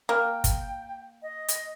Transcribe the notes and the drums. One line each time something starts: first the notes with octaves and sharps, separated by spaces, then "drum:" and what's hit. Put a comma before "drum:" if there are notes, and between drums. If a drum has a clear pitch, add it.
A#3 G5
drum: kick, hi-hat
D#5
drum: hi-hat